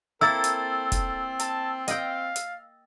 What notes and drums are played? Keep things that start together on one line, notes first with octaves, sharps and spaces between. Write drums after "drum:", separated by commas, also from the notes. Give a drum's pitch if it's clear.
A#3 C4 E4 A4 E6 A6
drum: hi-hat
drum: kick F1, hi-hat
A5, drum: hi-hat
D#5 F5 G5, drum: hi-hat
drum: hi-hat